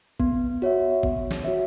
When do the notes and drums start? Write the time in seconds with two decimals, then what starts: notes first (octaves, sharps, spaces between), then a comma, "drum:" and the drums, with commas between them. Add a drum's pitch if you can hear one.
0.20 B3, drum: kick
0.62 F#4 C#5 E5
1.03 B3, drum: kick
1.31 drum: snare
1.44 F#4 C#5 E5